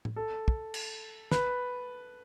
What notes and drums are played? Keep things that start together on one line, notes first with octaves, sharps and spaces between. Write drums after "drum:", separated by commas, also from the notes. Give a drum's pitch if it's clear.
drum: tom A2
A4
drum: kick
drum: cymbal
B4, drum: snare